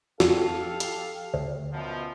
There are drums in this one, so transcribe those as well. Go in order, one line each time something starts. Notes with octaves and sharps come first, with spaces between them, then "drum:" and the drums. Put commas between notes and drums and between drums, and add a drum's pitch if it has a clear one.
F2 G4 A4 F5, drum: snare
drum: hi-hat
D2
F#2 B2 F3